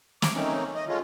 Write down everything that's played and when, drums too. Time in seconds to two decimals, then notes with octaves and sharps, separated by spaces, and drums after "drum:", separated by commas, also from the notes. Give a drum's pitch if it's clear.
0.22 D6, drum: snare
0.35 A3 A#3 C4 C#4 D#4
0.75 D#5
0.88 G#3 A3 C#4 F4